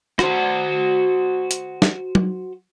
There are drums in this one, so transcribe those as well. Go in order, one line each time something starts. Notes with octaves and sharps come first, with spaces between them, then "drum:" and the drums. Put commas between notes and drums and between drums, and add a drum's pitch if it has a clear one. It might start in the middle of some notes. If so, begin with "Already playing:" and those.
F#4 C5, drum: rim click
drum: hi-hat
drum: snare
drum: tom F#3